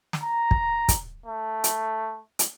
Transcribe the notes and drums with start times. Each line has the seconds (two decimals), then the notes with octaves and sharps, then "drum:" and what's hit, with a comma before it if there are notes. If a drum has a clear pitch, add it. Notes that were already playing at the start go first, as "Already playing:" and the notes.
0.13 drum: snare
0.22 A#5
0.51 drum: kick
0.88 drum: kick, hi-hat
1.26 A3
1.64 drum: hi-hat
2.39 drum: hi-hat